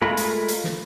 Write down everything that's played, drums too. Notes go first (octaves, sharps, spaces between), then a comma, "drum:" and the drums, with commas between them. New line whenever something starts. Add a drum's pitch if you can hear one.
G#3 A3 F4 A#4 B5
drum: hi-hat
drum: hi-hat
drum: snare